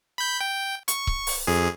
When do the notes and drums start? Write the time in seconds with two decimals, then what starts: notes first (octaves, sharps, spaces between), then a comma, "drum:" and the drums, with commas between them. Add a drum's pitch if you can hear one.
0.18 B5 G6
0.41 G5
0.88 C#6, drum: hi-hat
1.07 drum: kick C#1
1.27 drum: open hi-hat
1.47 F2 G#4